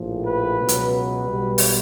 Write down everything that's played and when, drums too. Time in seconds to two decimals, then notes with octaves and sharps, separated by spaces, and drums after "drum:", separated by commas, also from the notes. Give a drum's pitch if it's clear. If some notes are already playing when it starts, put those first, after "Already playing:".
Already playing: A#1 A2 F3
0.24 B4
0.58 C#2 B2 F#3
0.69 drum: hi-hat
0.92 B4
1.25 B1 B2 G3
1.58 drum: open hi-hat